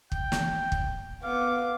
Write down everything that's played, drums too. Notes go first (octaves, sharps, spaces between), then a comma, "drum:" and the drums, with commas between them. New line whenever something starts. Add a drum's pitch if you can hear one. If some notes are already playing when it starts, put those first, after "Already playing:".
G5, drum: kick
drum: snare
drum: kick
B3 F5 D6